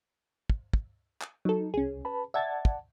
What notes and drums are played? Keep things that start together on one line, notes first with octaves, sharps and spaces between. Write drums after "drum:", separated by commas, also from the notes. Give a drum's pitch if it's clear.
drum: kick
drum: kick
drum: clap
F#3 D#4 A4
C2 C#4 G#4
B4 A5 B5
D5 E5 F#5 A5 G#6 A6
drum: kick